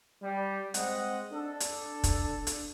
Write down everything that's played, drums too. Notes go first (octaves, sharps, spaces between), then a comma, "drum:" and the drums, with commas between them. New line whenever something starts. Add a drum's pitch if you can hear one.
G3
G#3 C4 D#5 F#5, drum: hi-hat
D4 A4
drum: hi-hat
drum: kick, hi-hat
drum: hi-hat